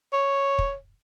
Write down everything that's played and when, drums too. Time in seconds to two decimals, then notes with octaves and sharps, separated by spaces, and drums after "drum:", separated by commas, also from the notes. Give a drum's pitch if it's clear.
0.13 C#5
0.59 drum: kick